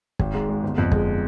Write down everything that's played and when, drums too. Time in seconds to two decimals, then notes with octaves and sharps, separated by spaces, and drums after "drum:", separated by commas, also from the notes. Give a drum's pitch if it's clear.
0.19 G#1, drum: kick
0.34 G#2
0.49 G#3
0.63 G1
0.78 F2
0.92 G#3, drum: kick